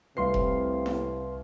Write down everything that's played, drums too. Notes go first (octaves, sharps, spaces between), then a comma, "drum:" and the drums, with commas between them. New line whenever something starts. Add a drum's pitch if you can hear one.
C2 A2 C3 B4 F5 C6 C7
drum: kick F1
drum: snare E4